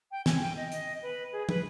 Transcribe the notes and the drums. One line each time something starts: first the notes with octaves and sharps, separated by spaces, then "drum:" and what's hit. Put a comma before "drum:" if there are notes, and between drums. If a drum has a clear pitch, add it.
G5
G#5, drum: snare
G5
D#5
D#5, drum: hi-hat
B4
G#4
B4, drum: tom